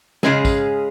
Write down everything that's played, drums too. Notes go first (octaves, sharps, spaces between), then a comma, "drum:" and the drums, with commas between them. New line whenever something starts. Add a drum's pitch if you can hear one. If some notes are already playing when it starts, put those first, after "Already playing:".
C#3 G#3 C#4 G#4, drum: snare
drum: kick, tambourine